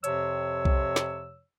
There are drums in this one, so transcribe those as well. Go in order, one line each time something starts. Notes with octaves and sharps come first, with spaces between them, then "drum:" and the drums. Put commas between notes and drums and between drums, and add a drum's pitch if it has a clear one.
F2 C3 F3 C#5 E6, drum: hi-hat
drum: kick B1
drum: snare